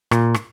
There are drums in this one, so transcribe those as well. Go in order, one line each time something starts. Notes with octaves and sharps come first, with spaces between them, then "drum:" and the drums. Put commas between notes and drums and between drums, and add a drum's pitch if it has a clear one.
A#2, drum: rim click
drum: rim click